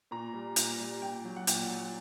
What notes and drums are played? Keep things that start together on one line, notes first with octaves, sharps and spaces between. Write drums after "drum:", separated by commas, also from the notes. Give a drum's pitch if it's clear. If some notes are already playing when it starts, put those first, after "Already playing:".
A#2 A#5
G3
A#2 A#5, drum: hi-hat
G3
A#2 G5
F#3
F#5
A#2 G5, drum: hi-hat
F#3